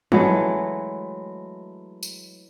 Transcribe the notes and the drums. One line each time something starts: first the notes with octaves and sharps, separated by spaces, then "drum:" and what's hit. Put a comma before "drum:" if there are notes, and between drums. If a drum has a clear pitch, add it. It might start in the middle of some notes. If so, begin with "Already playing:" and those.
E3 F#3 G#3 A3, drum: tom F3
drum: tambourine